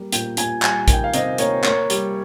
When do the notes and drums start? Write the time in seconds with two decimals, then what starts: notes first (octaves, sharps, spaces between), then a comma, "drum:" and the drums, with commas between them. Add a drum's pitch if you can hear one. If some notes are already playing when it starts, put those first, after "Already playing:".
Already playing: G3 A#3
0.12 A#2 G5, drum: hi-hat
0.37 A#2 G#5, drum: hi-hat
0.62 G3 G#5, drum: clap
0.88 D#3, drum: kick A#1, hi-hat
0.93 G5
1.04 F5
1.14 C3 D#5, drum: hi-hat
1.38 A#3 C#5, drum: hi-hat
1.64 A#3 C#5, drum: clap
1.90 G3, drum: hi-hat